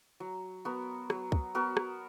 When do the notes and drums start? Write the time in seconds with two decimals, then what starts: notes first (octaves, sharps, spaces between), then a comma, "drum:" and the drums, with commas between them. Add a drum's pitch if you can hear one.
0.20 F#3
0.65 B3 F#4 A#4
1.10 F#3, drum: rim click
1.32 drum: kick
1.55 B3 F#4 A#4
1.77 drum: rim click